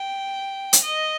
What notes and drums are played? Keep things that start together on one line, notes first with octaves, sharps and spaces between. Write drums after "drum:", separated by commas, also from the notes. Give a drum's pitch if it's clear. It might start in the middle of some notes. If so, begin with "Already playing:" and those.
Already playing: G5
drum: hi-hat
D#5